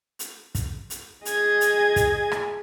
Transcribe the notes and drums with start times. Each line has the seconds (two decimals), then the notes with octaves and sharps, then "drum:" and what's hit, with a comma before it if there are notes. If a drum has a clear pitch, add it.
0.19 drum: hi-hat
0.55 drum: kick, hi-hat
0.90 drum: hi-hat
1.25 G#4 D#5 G#6, drum: hi-hat
1.61 drum: hi-hat
1.96 drum: kick, hi-hat
2.32 drum: rim click